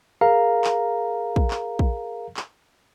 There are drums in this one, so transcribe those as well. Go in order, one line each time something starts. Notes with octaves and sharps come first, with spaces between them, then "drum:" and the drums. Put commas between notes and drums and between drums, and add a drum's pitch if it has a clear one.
G#4 A#4 F5 A#5
drum: clap
drum: kick
drum: clap
drum: kick
drum: clap